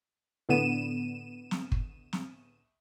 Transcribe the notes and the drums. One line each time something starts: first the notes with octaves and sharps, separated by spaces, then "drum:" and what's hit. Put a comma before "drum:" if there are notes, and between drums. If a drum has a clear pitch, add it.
A2 D3 B3 D#7 E7
drum: snare
drum: kick
drum: snare